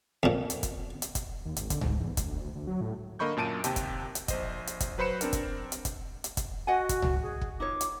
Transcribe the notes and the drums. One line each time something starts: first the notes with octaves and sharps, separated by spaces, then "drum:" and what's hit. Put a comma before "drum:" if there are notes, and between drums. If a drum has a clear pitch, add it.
F2 A#2
drum: hi-hat
drum: kick, hi-hat
drum: hi-hat
drum: kick, hi-hat
D#2
G#1, drum: hi-hat
D3, drum: kick, hi-hat
G#2, drum: tom C2
E2
D2, drum: kick, hi-hat
D2
D2
F#3
A2
D3 A#3 D#5 B5 C#6 G6
F#2 A#2 A5 D7 D#7
D#2 C3 G5 A5, drum: hi-hat
drum: kick, hi-hat
drum: hi-hat
A#1 C5 D#5, drum: kick, hi-hat
drum: hi-hat
drum: kick, hi-hat
F#3 B4 C5 B5 C#7 E7
C4 D4 A#4, drum: hi-hat
drum: kick, hi-hat
drum: hi-hat
drum: kick, hi-hat
drum: hi-hat
drum: kick, hi-hat
F#4 D#5 F#5 G#5
drum: kick, hi-hat
drum: tom C2
G#4
drum: kick
D#4 F4 C#5 D6
drum: hi-hat